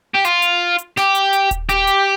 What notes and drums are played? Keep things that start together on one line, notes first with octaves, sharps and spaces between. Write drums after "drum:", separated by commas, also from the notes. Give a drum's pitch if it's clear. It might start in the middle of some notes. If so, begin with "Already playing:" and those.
G4
F4, drum: hi-hat
drum: hi-hat
drum: hi-hat
G4, drum: snare
drum: hi-hat
drum: hi-hat
drum: kick D#1, hi-hat
G4, drum: hi-hat
drum: hi-hat